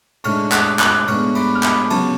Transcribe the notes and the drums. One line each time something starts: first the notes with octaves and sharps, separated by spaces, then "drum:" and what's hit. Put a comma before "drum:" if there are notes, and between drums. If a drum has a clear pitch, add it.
A2 G#3 D4 C#6 F6, drum: cymbal
D6 F#6, drum: clap
D6 F#6, drum: clap
A2 G#3 B3 D4 C#6 F6, drum: cymbal
B5 D6, drum: cymbal
F6
B5 D6, drum: clap
C#3 F#3 B3 A5 C#6, drum: cymbal